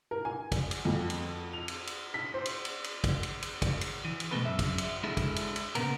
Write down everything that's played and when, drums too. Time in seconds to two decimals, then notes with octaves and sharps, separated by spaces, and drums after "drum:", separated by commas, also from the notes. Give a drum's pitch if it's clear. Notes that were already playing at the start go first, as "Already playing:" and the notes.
0.11 A#4
0.25 G#5
0.52 drum: kick, cymbal
0.71 drum: cymbal
0.85 F2
1.10 drum: cymbal
1.53 F7
1.68 drum: cymbal
1.87 drum: cymbal
2.14 B6
2.34 C5
2.46 drum: cymbal
2.65 drum: cymbal
2.84 drum: cymbal
3.04 drum: kick, cymbal
3.23 drum: cymbal
3.42 drum: cymbal
3.62 drum: kick, cymbal
3.81 drum: cymbal
4.05 E3
4.20 drum: cymbal
4.31 B2 G#3 A3 C4 A4 B4
4.45 F#2 E5
4.59 drum: kick, cymbal
4.78 drum: cymbal
5.04 G#3 D4 E4 G#4 A4
5.17 drum: kick, cymbal
5.36 drum: cymbal
5.56 drum: cymbal
5.75 A#2 C#3 B3 A#4, drum: cymbal